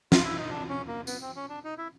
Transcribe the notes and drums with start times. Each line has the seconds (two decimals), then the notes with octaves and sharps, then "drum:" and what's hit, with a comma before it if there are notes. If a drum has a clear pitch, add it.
0.12 F4, drum: snare
0.24 E4
0.37 D#4
0.50 D4
0.69 C#4
0.88 A#3
1.07 B3, drum: tambourine
1.21 C4
1.36 C#4
1.49 D4
1.64 D#4
1.78 E4